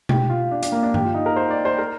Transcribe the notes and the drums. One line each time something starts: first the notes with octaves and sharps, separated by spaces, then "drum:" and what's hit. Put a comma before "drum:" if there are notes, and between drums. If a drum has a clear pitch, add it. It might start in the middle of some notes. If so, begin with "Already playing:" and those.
G4, drum: tom B2
F4
D4
D4, drum: hi-hat
A#3
D4
G4, drum: tom G2
F4
D#4
A#4
C5
D5
C5
A#4